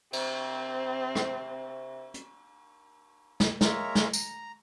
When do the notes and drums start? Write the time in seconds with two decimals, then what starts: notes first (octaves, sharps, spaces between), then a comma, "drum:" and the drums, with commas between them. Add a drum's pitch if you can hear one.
0.13 C3 C4, drum: cymbal
1.15 drum: rim click
2.14 drum: hi-hat
3.40 drum: snare
3.61 G#3 A#3 A#4 C#5 E5 A#5, drum: snare
3.95 drum: snare
4.13 A#5, drum: tambourine